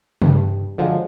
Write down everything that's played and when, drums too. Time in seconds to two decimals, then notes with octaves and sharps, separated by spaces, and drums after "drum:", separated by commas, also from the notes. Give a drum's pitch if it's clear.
0.22 G2, drum: tom C3
0.78 D3 F3 F#3 G#3